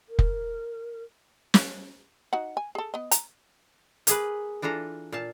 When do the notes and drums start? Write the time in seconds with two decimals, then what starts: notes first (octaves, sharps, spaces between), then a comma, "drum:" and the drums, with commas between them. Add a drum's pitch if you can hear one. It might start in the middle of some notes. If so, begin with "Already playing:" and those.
0.08 A#4
0.19 drum: kick F1
1.54 drum: snare
2.33 D#4 F#4 F#5
2.57 G#5
2.75 G#4 A4
2.94 B3 D#5
3.11 A#5, drum: hi-hat
4.07 A#3 G#4 B4, drum: hi-hat
4.62 E3 D4 F4 A4 A#5
5.12 A#2 F5 A5